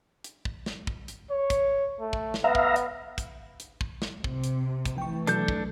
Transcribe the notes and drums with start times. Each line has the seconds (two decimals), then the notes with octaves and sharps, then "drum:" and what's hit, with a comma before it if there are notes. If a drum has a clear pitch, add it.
0.24 drum: hi-hat
0.45 drum: kick
0.66 drum: snare
0.87 drum: kick
1.08 drum: hi-hat
1.31 C#5
1.50 drum: kick, hi-hat
2.00 A3
2.13 drum: kick
2.34 drum: snare
2.44 B3 E5 F5 A#5
2.55 drum: kick
2.76 drum: hi-hat
3.18 drum: kick, hi-hat
3.60 drum: hi-hat
3.81 drum: kick
4.02 drum: snare
4.24 C3, drum: kick
4.44 drum: hi-hat
4.86 drum: kick, hi-hat
4.98 E3 A3 G5 C#6
5.27 B2 F#3 D4 A4 G6, drum: hi-hat
5.48 drum: kick